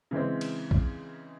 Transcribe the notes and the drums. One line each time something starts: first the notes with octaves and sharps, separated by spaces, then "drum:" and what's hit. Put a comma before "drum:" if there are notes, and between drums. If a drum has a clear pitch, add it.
C#3 E3 G#3 C4
drum: cymbal
drum: kick B1